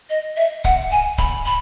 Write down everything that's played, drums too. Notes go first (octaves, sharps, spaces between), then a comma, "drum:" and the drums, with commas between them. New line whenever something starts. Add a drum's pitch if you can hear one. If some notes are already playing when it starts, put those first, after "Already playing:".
D#5
E5
F#5, drum: kick C#1
G#5
B5, drum: kick C#1
B5